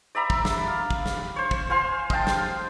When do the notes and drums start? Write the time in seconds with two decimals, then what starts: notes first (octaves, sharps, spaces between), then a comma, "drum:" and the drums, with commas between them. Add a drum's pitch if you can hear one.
0.15 D5 E5 A#5 B5
0.30 drum: kick
0.45 drum: snare
0.67 F5
0.91 drum: kick
1.06 drum: snare
1.36 C5 C#5
1.51 drum: kick
1.70 C5 F5 G#5 C6
2.10 D#5 F5 G5 A5, drum: kick
2.27 drum: snare